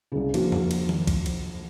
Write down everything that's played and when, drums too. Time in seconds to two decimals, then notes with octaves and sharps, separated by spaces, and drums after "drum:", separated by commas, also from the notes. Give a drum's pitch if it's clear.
0.12 C2 C#3
0.34 F3 A#3 D4 F4 F#4, drum: cymbal
0.52 drum: tom E2
0.71 drum: cymbal
0.89 drum: tom D#3
1.07 drum: kick, cymbal
1.26 drum: cymbal